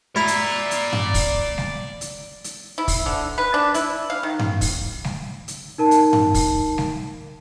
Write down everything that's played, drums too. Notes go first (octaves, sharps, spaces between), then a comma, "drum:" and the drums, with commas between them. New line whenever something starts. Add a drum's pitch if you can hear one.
E4 D5 A#5
drum: hi-hat
drum: hi-hat
drum: tom G2
drum: kick, open hi-hat
drum: snare G3
drum: hi-hat
drum: hi-hat
E4
drum: kick, open hi-hat
D3
B4
D4
E4, drum: hi-hat
F5
D#3
drum: tom G2
drum: kick, open hi-hat
drum: snare G3
drum: hi-hat
D#4 A#4 A5
drum: hi-hat
drum: tom G2
drum: kick, open hi-hat
drum: snare G3